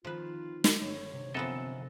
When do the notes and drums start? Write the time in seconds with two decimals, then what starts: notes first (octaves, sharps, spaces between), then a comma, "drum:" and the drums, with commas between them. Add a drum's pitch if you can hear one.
0.05 D#3 F3 C4 F4 B4
0.64 drum: snare
0.80 G1 C#5
1.12 C3
1.34 F#2 F3 B3 C4 A4 D#5 E5